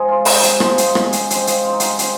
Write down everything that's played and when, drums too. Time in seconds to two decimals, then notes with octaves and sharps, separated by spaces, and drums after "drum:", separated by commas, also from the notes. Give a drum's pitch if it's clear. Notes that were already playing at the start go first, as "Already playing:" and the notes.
Already playing: C3 F3 G#3 G#4
0.08 F4
0.25 C3 D#4, drum: open hi-hat
0.43 drum: hi-hat
0.60 F3 G#3 D#4, drum: rim click
0.78 drum: hi-hat
0.95 C#3, drum: rim click
1.13 drum: hi-hat
1.30 F3 C4, drum: hi-hat
1.47 drum: hi-hat
1.64 C#3 F4
1.73 D#4
1.80 F4, drum: hi-hat
1.99 F3 C4, drum: hi-hat